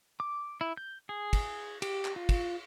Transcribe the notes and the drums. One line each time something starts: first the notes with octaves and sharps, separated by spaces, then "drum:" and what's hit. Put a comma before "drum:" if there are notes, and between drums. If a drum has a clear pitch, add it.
D6
E4
G6
G#4
drum: kick, cymbal
G4, drum: cymbal
drum: clap
F4
drum: kick, cymbal